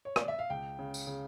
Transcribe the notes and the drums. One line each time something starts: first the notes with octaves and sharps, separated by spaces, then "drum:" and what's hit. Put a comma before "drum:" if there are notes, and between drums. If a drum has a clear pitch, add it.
C#5
D5, drum: rim click
E5
F5
C#2 G5
C#3
drum: tambourine
C#3